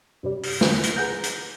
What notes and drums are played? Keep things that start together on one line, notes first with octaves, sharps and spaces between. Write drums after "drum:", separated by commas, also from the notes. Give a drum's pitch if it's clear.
G2 C3 G3
drum: open hi-hat
D3, drum: snare
drum: hi-hat
G#4 B4 F#5 A#5 G6
drum: hi-hat